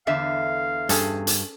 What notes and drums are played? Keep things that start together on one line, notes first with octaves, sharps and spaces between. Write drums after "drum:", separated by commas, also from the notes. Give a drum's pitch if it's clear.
E2 D3 E5 F5
G2 C#4 G#4 A4, drum: hi-hat
drum: hi-hat